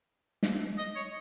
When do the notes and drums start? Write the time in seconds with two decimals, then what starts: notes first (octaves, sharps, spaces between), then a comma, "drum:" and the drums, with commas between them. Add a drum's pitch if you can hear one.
0.43 drum: snare
0.78 D#5
0.96 C#5